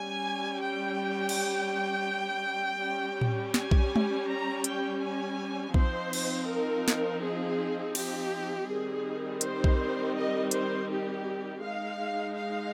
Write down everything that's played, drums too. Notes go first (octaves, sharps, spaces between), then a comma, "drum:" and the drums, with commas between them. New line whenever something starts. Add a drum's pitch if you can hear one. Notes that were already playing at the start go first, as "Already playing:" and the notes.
Already playing: G3 C#4 G#5
G5
drum: cymbal
G3 C#4
drum: tom A2
G#5, drum: snare
drum: kick B1
drum: tom G#3
A#5
G5, drum: hi-hat
G#5
F3 C4 D#4 C5, drum: kick B1
drum: cymbal
A#4
drum: snare
G#4
G4, drum: cymbal
D#3 G3 C4 D#4 G#4
C5, drum: hi-hat
drum: kick B1
D#5
C5, drum: hi-hat
G4
G#3 D#4 F5
F5